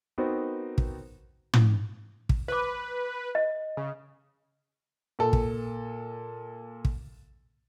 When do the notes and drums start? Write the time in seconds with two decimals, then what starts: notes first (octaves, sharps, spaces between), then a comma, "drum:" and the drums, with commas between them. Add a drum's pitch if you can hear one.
0.18 B3 C4 D#4 F#4 A#4 C5
0.78 drum: kick
1.53 drum: tom
2.29 drum: kick
2.48 B4 C5 D6
3.35 D#5
3.77 C#3
5.19 A#2 A4
5.33 drum: kick
6.85 drum: kick